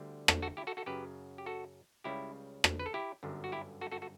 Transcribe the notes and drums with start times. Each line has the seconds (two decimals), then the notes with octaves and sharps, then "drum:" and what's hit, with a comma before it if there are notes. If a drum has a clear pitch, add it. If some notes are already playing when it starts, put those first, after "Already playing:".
Already playing: D2 D3 G3
0.28 F#4 A4, drum: rim click
0.42 F#4 A4
0.57 E4 G4
0.67 F#4 A4
0.77 F#4 A4
0.86 F#2 C#3 F#3 G4 B4
1.38 G4
1.46 F#4 A4
2.04 C#2 C#3 G3 E4 G4
2.64 drum: rim click
2.79 B4
2.86 A4
2.94 E4 G4
3.23 G1 F#2 D3
3.44 F#4
3.52 E4 G4
3.81 F#4 A4
3.92 F#4 A4
4.02 F#4 A4